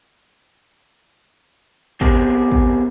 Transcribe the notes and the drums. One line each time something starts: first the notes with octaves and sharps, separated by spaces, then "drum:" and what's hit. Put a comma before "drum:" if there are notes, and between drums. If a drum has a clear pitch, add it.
B3 C4 G4 G#4 A#4 C5, drum: kick
drum: kick